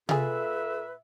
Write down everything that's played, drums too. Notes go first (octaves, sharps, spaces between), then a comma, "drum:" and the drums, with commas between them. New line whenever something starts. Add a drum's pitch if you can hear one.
A#2 F4 G#4 A4 B4 E5, drum: tom C3